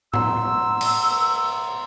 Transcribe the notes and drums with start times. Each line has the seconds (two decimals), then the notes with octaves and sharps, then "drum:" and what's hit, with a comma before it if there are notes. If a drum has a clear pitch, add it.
0.14 F#5 A#5 C6 E6, drum: tom A2
0.81 drum: cymbal